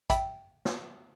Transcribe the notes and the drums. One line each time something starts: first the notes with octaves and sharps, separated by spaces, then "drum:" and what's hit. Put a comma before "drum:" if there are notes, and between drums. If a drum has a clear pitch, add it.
E5 G5 B5, drum: kick, hi-hat
drum: snare